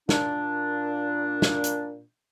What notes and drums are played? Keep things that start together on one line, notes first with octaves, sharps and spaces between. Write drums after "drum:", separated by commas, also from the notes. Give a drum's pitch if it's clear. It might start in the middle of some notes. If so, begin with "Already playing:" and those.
A#2 D4, drum: snare
drum: snare
drum: hi-hat